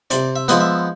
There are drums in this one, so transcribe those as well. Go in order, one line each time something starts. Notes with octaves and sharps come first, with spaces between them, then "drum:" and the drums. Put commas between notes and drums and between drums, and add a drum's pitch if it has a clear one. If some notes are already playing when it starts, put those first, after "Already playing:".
C3 D5, drum: hi-hat
E5
F3 G#3 B3, drum: hi-hat
E5